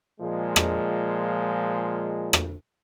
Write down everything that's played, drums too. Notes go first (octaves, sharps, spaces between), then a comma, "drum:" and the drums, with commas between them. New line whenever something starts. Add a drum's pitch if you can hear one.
A#2 F3 G#3
drum: rim click
drum: rim click